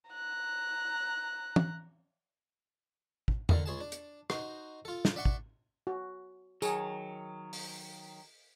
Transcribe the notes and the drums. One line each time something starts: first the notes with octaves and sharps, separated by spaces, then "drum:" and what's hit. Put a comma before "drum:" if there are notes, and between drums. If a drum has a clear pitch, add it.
A#5 F#6
drum: tom
drum: kick
D3 A4 A#4, drum: tom E2
C#2 G#4 A5
D4
drum: hi-hat
D#4 F#4 C5, drum: rim click
F4 A4
drum: snare
D5 E5 F#5 C6 C#6
drum: kick
F#4
D#3 F#3 G#4, drum: tambourine
drum: open hi-hat